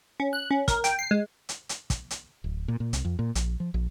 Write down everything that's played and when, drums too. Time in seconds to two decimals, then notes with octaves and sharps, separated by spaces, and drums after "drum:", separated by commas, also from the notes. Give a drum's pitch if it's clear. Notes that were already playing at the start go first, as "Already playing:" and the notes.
0.20 C#4
0.33 F#6
0.51 C#4
0.68 A#4, drum: kick, hi-hat
0.84 G5, drum: hi-hat
0.99 C7
1.11 G#3
1.49 drum: hi-hat
1.69 drum: hi-hat
1.90 drum: kick, hi-hat
2.11 drum: hi-hat
2.44 D1
2.68 A#2
2.80 A#2
2.93 C2, drum: hi-hat
3.05 F2
3.19 A#2
3.35 A#1, drum: hi-hat
3.60 F3
3.74 A#1